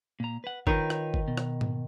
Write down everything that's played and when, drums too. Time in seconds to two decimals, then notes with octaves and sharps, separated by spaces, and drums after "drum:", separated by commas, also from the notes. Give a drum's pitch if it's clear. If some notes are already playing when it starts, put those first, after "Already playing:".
0.20 A#2 A#5
0.44 B4 F#5
0.67 D#3 F4 B4 C#5, drum: kick
0.90 drum: rim click
1.14 drum: kick
1.28 B2
1.37 drum: rim click
1.61 drum: tom G#2